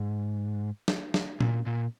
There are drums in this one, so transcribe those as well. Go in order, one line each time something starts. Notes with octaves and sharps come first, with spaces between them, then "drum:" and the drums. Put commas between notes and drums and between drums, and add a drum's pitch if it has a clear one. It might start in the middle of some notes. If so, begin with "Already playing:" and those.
Already playing: G#2
drum: snare
drum: snare
A#2, drum: tom
A#2